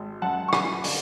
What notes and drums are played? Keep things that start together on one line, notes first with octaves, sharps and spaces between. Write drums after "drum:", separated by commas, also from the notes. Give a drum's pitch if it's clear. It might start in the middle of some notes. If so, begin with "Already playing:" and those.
Already playing: G#1
F#2 F#5 A5
C#6
F#3 G#5 B5, drum: rim click
D3, drum: open hi-hat